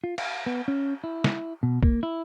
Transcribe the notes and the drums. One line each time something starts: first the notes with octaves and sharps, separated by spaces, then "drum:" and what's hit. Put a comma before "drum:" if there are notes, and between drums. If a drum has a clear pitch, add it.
F4
F5, drum: cymbal
B3
C#4
E4
drum: snare
B2
A#3, drum: kick
E4